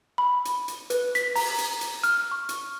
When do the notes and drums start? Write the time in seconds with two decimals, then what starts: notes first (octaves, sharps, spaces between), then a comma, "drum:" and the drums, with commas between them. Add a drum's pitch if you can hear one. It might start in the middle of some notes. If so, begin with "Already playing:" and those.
0.18 B5
0.45 drum: hi-hat
0.68 drum: hi-hat
0.90 B4, drum: hi-hat
1.15 B6, drum: hi-hat
1.36 A#5, drum: open hi-hat
1.58 drum: hi-hat
1.81 drum: hi-hat
2.04 F6, drum: hi-hat
2.31 C#6
2.49 drum: hi-hat